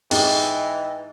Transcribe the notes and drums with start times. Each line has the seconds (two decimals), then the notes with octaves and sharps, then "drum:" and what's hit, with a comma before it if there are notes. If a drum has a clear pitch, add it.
0.11 G#2 E3 D#5 G5 A6, drum: open hi-hat